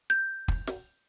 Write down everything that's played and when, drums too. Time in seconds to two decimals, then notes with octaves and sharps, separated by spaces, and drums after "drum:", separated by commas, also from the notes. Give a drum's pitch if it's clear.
0.10 G6
0.48 drum: kick
0.67 drum: snare